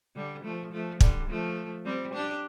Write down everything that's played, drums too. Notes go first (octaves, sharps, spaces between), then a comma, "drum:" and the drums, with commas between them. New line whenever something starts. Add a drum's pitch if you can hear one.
D3 G3
F3 A3
F3 A3
D3 G3, drum: kick
F3 A3
G3 C4
D4 G4